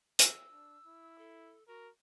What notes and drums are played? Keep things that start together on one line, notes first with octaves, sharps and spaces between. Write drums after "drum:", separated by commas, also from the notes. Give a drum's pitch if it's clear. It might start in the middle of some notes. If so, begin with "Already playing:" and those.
E6, drum: hi-hat
D4
E4
A4
F#4 A#4